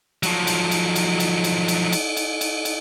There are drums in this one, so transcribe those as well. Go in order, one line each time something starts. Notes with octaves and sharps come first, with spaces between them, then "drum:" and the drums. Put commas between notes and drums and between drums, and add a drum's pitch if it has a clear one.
F3 F#3, drum: cymbal
drum: cymbal
drum: cymbal
drum: cymbal
drum: cymbal
drum: cymbal
drum: cymbal
drum: cymbal
drum: cymbal
drum: cymbal
drum: cymbal